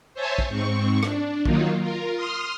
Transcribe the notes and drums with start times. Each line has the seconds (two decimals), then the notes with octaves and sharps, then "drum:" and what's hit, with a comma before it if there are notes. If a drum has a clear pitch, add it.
0.14 C5 C#5 E5 G#5 A5
0.38 drum: kick
0.48 G#2 C4 C#6
1.03 D4, drum: rim click
1.45 D#3 F#3 A#3 D#4 F4, drum: kick
1.81 F4 A#4
2.15 C6 D#6 F6